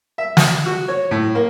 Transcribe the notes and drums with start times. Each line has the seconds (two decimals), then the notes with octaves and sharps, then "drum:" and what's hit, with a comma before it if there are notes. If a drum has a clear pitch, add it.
0.18 E5
0.37 D#6, drum: snare
0.66 F#4
0.88 C#5
1.11 A2
1.35 A#3